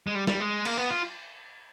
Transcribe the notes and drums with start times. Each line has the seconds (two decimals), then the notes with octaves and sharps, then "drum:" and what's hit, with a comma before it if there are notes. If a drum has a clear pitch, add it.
0.07 G#3
0.15 G3
0.27 G3, drum: snare
0.40 G#3
0.65 A#3, drum: cymbal
0.77 B3
0.90 F4